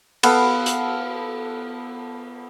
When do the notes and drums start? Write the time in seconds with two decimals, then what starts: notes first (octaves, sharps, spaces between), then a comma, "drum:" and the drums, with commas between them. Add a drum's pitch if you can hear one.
0.23 B3 A4 B4 F5, drum: cymbal
0.66 drum: hi-hat